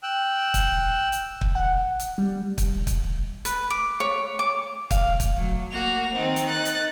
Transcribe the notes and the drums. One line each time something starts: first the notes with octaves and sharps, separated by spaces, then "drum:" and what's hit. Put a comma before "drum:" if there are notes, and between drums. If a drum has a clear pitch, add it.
G5 E6 F#6
drum: kick, hi-hat
drum: hi-hat
drum: kick
F#5
drum: hi-hat
G3
drum: kick, hi-hat
drum: kick, hi-hat
B4, drum: hi-hat
D6
C#5
D6
F5, drum: kick, hi-hat
drum: kick, hi-hat
F#3 A3
A#3 F#4 F7
D#3 C4 D#4
drum: hi-hat
F#6 A6
drum: hi-hat